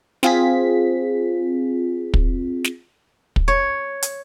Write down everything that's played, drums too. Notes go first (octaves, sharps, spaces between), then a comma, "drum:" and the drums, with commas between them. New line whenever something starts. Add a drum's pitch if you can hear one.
C4 F4 G#4 B6, drum: snare
drum: kick
drum: snare
drum: kick
C#5
drum: hi-hat